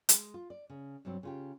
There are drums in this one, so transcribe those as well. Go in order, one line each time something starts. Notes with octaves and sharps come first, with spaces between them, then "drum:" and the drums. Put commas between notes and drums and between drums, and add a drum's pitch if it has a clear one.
G#3, drum: hi-hat
F4
D5
C#3
G2 C3 F#3 C4
C#3 F4 G4